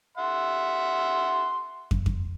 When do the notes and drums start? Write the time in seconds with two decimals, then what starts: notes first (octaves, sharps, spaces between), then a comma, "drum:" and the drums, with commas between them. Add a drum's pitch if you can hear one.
0.17 E5 F#5 C6
1.91 drum: kick
2.06 drum: kick